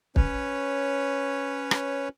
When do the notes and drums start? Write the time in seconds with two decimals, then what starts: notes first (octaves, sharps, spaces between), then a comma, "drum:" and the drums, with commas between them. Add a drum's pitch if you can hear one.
0.16 C#4 B4 C#5, drum: kick
1.71 drum: rim click